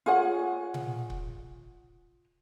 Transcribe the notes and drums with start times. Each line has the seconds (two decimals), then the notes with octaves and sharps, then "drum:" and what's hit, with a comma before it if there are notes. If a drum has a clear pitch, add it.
0.06 F4 G#4 C#5 F#5
0.74 drum: tom A#2
1.10 drum: kick C#1